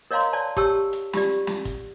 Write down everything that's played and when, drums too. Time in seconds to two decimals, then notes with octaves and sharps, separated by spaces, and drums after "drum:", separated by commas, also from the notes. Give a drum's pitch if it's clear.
0.11 A#4 C#5 D#5 F5 A#5 C6
0.20 drum: hi-hat
0.33 C#5 D5 A5
0.57 G4 C#5 A5 E6, drum: kick, hi-hat
0.93 drum: hi-hat
1.13 F4 G4 D5, drum: snare
1.47 drum: snare
1.65 drum: kick, hi-hat